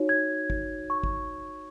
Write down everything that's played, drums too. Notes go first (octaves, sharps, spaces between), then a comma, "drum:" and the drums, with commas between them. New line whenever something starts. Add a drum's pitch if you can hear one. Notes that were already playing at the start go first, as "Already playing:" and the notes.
Already playing: D#4 F#4 C#5
G#6
drum: kick
C#6
drum: kick